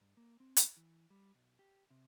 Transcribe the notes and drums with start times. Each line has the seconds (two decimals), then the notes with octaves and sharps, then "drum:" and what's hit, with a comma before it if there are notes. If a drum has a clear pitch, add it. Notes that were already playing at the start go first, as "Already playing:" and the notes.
0.01 G2
0.17 A#3
0.40 C4
0.57 drum: hi-hat
0.77 E3
1.10 G3
1.35 B1
1.59 G4
1.90 C3